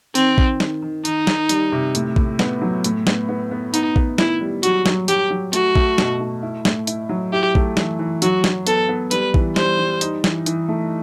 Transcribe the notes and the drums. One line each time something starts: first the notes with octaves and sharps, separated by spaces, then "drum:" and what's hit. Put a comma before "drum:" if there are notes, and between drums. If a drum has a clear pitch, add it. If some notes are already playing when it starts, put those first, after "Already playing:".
D#3 C4, drum: hi-hat
D#3, drum: kick A#1
D#3, drum: snare
D#3
D#3 D#4, drum: hi-hat
D#3, drum: snare
G3, drum: hi-hat
C3
A2, drum: hi-hat
A2, drum: kick A#1
B3, drum: snare
F#3
A2, drum: hi-hat
B3, drum: snare
B3
B3
B3 D#4, drum: hi-hat
B3, drum: kick A#1
D#3 E4, drum: snare
G3
F#3 F#4, drum: hi-hat
F#3, drum: snare
F#3 G4, drum: hi-hat
F#3
A3 F#4, drum: hi-hat
A3, drum: kick A#1
B2, drum: snare
A3
E4
A2, drum: snare
E4, drum: hi-hat
F#3
E4 G4
A3, drum: kick A#1
E3, drum: snare
E3
F#3 F#4, drum: hi-hat
F#3, drum: snare
B3 A4, drum: hi-hat
B3
G3 B4, drum: hi-hat
E3, drum: kick A#1
G3 C5, drum: snare
G3
D#4, drum: hi-hat
E3, drum: snare
E3, drum: hi-hat
A3